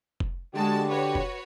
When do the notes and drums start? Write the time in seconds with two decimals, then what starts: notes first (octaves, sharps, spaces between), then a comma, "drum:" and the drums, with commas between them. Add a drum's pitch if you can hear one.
0.20 drum: kick F1
0.54 D3 G#3 F#4 G4 A5
0.90 F#4 B4 C#5
1.15 drum: kick F1